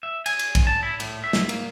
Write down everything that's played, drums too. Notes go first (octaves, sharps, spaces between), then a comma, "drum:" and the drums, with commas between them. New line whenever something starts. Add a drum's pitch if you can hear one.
E5
G#5, drum: cymbal
drum: cymbal
drum: kick, cymbal
A5
E4
A2, drum: cymbal
E5
drum: snare
A#3, drum: cymbal